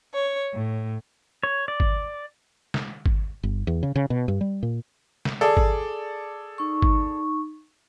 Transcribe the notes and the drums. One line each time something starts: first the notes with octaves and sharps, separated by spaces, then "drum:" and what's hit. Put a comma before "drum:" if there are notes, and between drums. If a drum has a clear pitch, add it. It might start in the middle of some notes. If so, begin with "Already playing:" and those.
C#5
A2
C#5
D5
drum: kick G#1
drum: snare
drum: kick G#1
G1
E2
C#3
C#3
B2
G2
G3
A#2
drum: snare
G#4 A4 D5
drum: kick G#1
D#4 C#6
drum: kick G#1